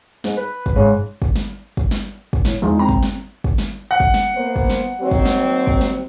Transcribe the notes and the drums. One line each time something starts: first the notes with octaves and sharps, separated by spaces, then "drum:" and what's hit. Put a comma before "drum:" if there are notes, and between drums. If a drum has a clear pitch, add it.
G#2, drum: snare
B4
drum: kick
G#2 C#3
drum: kick
drum: snare
drum: kick
drum: snare
drum: kick
A2, drum: snare
E2 F3 G#3 D#4
C4 A#5
drum: kick
drum: snare
drum: kick
drum: snare
F#5
drum: kick
drum: snare
A#3 B3 C5
drum: kick
drum: snare
D#2 F#3 C4
drum: kick
drum: snare
drum: kick
drum: snare